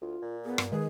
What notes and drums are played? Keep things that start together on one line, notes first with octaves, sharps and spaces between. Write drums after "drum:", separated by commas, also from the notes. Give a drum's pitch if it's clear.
D2 F4
A#2
B3 G#4
G2, drum: rim click
D#3 G#3 G#4 B4